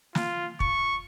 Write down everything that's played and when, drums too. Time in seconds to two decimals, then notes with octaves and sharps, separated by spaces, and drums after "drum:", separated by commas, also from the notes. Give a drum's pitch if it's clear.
0.15 F4, drum: snare
0.60 C#6, drum: kick